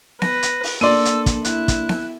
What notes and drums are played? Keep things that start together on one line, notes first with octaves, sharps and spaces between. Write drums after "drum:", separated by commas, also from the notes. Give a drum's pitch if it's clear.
B4 A#6, drum: snare B3
drum: hi-hat
drum: open hi-hat
A#3 D4 A4 D5 C6 E6 D#7
drum: hi-hat
drum: kick, hi-hat
E4 F#6, drum: hi-hat
drum: kick, hi-hat
drum: snare B3